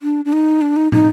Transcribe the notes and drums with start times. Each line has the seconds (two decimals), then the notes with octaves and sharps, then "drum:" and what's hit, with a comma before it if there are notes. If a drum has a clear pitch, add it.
0.02 D4
0.25 D4
0.33 D#4
0.61 D4
0.76 D#4
0.92 D#4, drum: tom